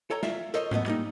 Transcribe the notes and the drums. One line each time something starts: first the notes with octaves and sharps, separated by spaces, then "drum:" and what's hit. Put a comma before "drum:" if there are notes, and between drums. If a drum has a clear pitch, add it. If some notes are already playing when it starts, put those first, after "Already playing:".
A4 C#5 G5 A#5
F4 E5, drum: snare
A4 A#4 C5 C#5 D#5, drum: hi-hat
E2 A3 B3 D#5, drum: tom G#2
G3 A#3 D#4